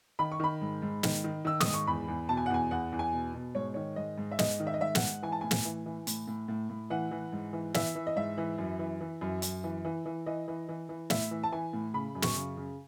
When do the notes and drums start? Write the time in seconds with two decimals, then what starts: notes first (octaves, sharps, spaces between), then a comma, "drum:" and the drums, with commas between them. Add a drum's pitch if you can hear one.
0.19 D#3 B5
0.32 C#6
0.40 D#3 B5
0.61 G#2
0.82 G#2
1.03 D#3, drum: snare
1.24 D#3
1.45 D#3 E6
1.60 D#6, drum: snare
1.66 G#2
1.74 C#6
1.87 E2 B5
2.08 E2
2.29 B2 A5
2.37 G#5
2.46 F#5
2.50 E2 G#5
2.71 E2 F#5
2.92 E2
2.99 G#5
3.13 B2
3.34 B2
3.55 G#2 C#5
3.74 D#3 C#5
3.96 G#2 D#5
4.18 G#2
4.31 E5
4.39 G#2 D#5, drum: snare
4.60 D#3
4.67 E5
4.74 D#5
4.81 G#2 E5
4.95 F#5, drum: snare
5.02 G#2
5.23 E3 G#5
5.32 A5
5.41 A2 G#5
5.51 drum: snare
5.65 E3
5.86 E3
6.07 A2, drum: hi-hat
6.27 A2
6.48 A2
6.70 A2
6.90 E3 F#5
7.11 E3
7.32 G#2
7.53 E3
7.74 E3 E5, drum: snare
7.95 E3
8.07 D#5
8.16 G#2 E5
8.38 E3
8.58 F#2
8.79 E3
9.01 E3
9.21 F#2
9.42 F#2, drum: hi-hat
9.64 E3
9.85 E3
10.06 E3
10.26 E3 D#5
10.48 E3
10.69 E3
10.89 E3
11.10 A2 E5, drum: snare
11.31 E3
11.43 A5
11.52 E3 G#5
11.73 A2
11.94 C#3 B5
12.15 F#2
12.22 C#6, drum: snare
12.36 C#3
12.57 C#3